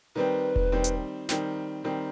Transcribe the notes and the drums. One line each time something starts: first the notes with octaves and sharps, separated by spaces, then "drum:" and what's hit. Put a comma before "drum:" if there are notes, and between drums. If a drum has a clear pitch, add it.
D#3 G3 C4 B4
drum: kick E1
D#3 G3 C4
drum: hi-hat
D#3 G3 C4, drum: snare
D#3 G3 C4